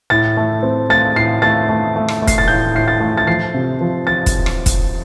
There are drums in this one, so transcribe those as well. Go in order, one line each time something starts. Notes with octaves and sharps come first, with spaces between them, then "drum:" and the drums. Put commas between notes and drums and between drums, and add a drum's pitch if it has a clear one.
A2 A6
A3
C4
A3 A6
A2 C7
A3 A6
A3
A3
drum: rim click
A3
C7, drum: kick, hi-hat
A6
A2 G6
A2 C7
A6
A3
A6
F3 C7
C3
F3
F3 A6
drum: kick, hi-hat
drum: rim click
drum: kick, hi-hat